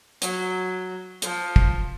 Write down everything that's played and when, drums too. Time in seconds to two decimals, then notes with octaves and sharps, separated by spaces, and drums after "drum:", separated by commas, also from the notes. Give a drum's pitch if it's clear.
0.22 F#3, drum: hi-hat
1.22 F3, drum: hi-hat
1.56 drum: kick